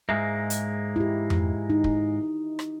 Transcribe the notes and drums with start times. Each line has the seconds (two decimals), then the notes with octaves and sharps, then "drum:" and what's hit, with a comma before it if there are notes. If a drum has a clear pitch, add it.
0.09 G#2 G#3 A#3 E5
0.50 drum: hi-hat
0.96 E4 G4
1.30 drum: tom F2
1.70 D#4
1.84 drum: kick
2.59 drum: rim click